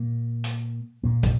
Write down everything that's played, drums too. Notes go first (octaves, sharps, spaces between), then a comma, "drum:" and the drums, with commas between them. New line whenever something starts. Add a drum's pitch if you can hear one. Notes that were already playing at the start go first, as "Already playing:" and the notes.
Already playing: A#2 A#3
drum: hi-hat
A#2 A#3
drum: kick, hi-hat